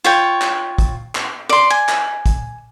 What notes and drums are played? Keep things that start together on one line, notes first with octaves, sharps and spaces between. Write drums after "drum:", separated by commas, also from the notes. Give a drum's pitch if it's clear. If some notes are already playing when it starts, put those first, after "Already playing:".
F4 C#5 G5
drum: clap
drum: kick, hi-hat
drum: clap
D5 C6
G#5
drum: clap
drum: kick, hi-hat